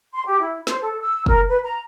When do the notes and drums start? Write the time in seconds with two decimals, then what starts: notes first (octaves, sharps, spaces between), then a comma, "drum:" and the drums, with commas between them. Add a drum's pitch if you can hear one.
0.13 C6
0.25 G4
0.40 E4
0.67 C5, drum: snare
0.81 A4
1.01 E6
1.26 A#4, drum: kick
1.49 B4
1.63 A#5